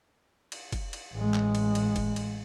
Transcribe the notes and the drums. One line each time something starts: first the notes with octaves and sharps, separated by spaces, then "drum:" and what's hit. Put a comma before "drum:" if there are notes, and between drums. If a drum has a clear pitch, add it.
drum: cymbal
drum: kick, cymbal
drum: cymbal
A1 G#3
drum: clap
drum: cymbal
drum: cymbal
drum: kick, cymbal
drum: cymbal